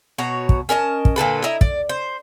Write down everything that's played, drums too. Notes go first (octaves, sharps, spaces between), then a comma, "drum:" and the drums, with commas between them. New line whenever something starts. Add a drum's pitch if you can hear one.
B2 F#4 C#5 A#5
drum: kick
C#4 A#4 D#5 A5
drum: kick
A#2 D3 A4 B4
E4 D#5 A#5
D5, drum: kick
C5